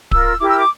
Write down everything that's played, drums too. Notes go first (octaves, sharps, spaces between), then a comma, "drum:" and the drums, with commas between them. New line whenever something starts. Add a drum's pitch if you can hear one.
F4 A#4 E6, drum: kick D1
E4 G4 A#4 D6
E6
D6